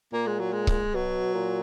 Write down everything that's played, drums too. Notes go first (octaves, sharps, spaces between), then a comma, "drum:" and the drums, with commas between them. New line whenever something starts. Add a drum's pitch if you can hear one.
A#2 A#3
G#3
F#3
G#3
drum: kick C#1
B2 F#3
A#2